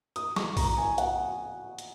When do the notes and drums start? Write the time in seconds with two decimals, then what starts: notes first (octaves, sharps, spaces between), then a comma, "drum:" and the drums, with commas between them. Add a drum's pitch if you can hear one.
0.16 D#6, drum: hi-hat
0.36 C#6, drum: snare
0.57 A#5, drum: kick B1, open hi-hat
0.78 G#5
0.98 F#5, drum: hi-hat
1.79 drum: hi-hat